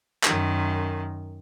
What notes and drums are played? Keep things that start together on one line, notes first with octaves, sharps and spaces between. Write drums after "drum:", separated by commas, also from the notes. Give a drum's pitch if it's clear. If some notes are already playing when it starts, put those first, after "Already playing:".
F#2 D#3, drum: clap